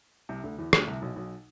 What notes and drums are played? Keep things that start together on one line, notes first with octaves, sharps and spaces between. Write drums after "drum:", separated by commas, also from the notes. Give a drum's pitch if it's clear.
C2 C3
D2 D3
E2 E3
D2 D3, drum: rim click
C2 C3
B1 B2
B1 B2